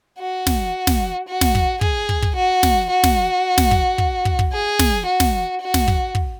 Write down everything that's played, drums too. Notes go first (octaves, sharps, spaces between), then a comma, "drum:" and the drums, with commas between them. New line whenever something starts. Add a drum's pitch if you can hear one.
F#4
drum: snare
drum: snare
F#4
drum: snare
drum: kick
G#4, drum: kick
drum: kick
drum: kick
F#4
drum: snare
F#4
drum: snare
drum: snare
drum: kick
drum: kick
drum: kick
drum: kick
G#4
drum: snare
F#4
drum: snare
F#4
drum: snare
drum: kick
drum: kick